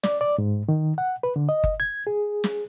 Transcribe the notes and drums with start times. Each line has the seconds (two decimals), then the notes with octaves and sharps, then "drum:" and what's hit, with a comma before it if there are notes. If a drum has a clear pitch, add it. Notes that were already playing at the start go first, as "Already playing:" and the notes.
0.03 D5, drum: snare
0.21 D5
0.38 G#2
0.69 D#3
0.98 F#5
1.23 B4
1.36 D3
1.49 D#5
1.64 drum: kick G1
1.80 G#6
2.07 G#4
2.44 drum: snare